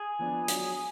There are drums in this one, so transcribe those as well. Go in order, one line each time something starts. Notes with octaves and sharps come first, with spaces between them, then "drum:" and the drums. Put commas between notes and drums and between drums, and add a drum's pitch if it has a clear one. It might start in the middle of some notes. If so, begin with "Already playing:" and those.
Already playing: G#4
F3 B3 D4
F#3, drum: hi-hat